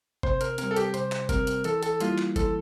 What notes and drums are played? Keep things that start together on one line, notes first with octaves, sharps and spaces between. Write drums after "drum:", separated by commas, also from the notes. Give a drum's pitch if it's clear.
C3 C5, drum: kick G1
A#4, drum: hi-hat
G3 C4 A#4, drum: hi-hat
A4
G4, drum: hi-hat
C3 C5, drum: hi-hat
drum: clap
G3 C4 A#4, drum: kick G1, hi-hat
drum: hi-hat
E3 A4, drum: hi-hat
A4, drum: hi-hat
G3 A#3 E4 F4, drum: hi-hat
drum: clap
E3 A4, drum: kick G1, hi-hat